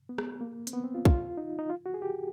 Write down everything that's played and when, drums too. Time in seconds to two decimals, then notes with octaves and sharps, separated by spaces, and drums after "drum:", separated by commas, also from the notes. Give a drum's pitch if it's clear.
0.09 B3
0.18 drum: rim click
0.41 A#3
0.67 C4, drum: hi-hat
0.73 B3
0.84 C4
0.94 F4
1.05 F4, drum: kick
1.37 D#4
1.59 D#4
1.69 F4
1.86 F#4
1.94 G#4
2.02 G4